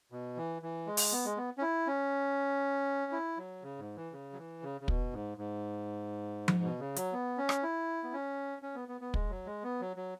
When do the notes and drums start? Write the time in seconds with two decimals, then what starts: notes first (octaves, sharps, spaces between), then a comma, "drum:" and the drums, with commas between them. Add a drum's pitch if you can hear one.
0.12 B2
0.37 E3
0.62 E3
0.87 G#3
0.97 drum: open hi-hat
1.12 B3
1.25 G#3
1.37 B3
1.58 C#4
1.62 E4
1.87 C#4
3.12 E4
3.37 F#3
3.63 C#3
3.79 G#2
3.96 E3
4.12 C#3
4.33 F#3
4.38 E3
4.63 C#3
4.81 C#3
4.88 B2, drum: kick
5.13 G#2
5.38 G#2
6.48 drum: tom F3
6.63 B2
6.79 C#3
6.96 F#3, drum: hi-hat
7.13 B3
7.38 C#4
7.49 drum: rim click
7.63 E4
8.03 B3
8.13 C#4
8.62 C#4
8.75 B3
8.88 B3
9.01 B3
9.14 G#3, drum: kick
9.30 F#3
9.46 G#3
9.63 B3
9.80 F#3
9.97 F#3